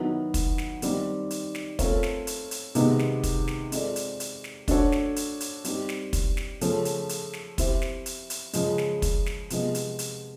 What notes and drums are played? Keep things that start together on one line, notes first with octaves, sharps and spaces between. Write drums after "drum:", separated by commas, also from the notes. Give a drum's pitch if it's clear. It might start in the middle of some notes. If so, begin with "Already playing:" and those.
Already playing: D#3 F#3 B3 E4
drum: kick, hi-hat
drum: snare
D#3 G3 C4 D#4, drum: hi-hat
drum: hi-hat
drum: snare
A3 C4 F4 A#4 C#5, drum: kick, hi-hat
drum: snare
drum: hi-hat
drum: hi-hat
C3 D#3 G#3 B3 D#4, drum: hi-hat
drum: snare
drum: kick, hi-hat
drum: snare
G#3 C4 F4 A4 D5, drum: hi-hat
drum: hi-hat
drum: hi-hat
drum: snare
A3 D4 F#4 A4 C#5, drum: kick, hi-hat
drum: snare
drum: hi-hat
drum: hi-hat
G3 C4 D#4 G4, drum: hi-hat
drum: snare
drum: kick, hi-hat
drum: snare
C#3 F3 A3 C#4, drum: hi-hat
drum: hi-hat
drum: hi-hat
drum: snare
C4 E4 G4 C5 E5, drum: kick, hi-hat
drum: snare
drum: hi-hat
drum: hi-hat
C#3 F3 G#3, drum: hi-hat
drum: snare
drum: kick, hi-hat
drum: snare
C3 F3 G#3 B3, drum: hi-hat
drum: hi-hat
drum: hi-hat